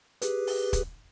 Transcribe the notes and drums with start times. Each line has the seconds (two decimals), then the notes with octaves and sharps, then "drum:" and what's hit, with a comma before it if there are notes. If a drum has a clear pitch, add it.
0.22 G4 G#4 B4, drum: hi-hat
0.47 drum: open hi-hat
0.73 drum: kick, hi-hat